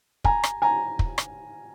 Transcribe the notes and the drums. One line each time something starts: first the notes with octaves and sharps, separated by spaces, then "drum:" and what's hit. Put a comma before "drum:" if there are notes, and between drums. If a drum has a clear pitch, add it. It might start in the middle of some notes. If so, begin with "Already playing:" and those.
G#5 A#5, drum: kick
drum: rim click
G#5 A#5
drum: kick
drum: rim click